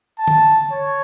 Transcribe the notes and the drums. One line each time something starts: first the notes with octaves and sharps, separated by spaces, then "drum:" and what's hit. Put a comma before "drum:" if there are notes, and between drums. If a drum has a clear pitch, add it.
A5
drum: tom D3
C#5